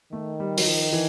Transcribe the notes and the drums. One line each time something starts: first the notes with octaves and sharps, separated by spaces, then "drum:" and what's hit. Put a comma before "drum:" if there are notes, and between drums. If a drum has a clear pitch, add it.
D#3 A3
G3
F#3, drum: open hi-hat
F3
E3